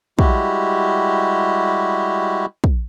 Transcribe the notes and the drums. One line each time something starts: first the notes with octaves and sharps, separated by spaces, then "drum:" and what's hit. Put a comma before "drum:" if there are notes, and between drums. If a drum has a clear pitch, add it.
G3 G#3 E4 F#4 G4, drum: kick
drum: kick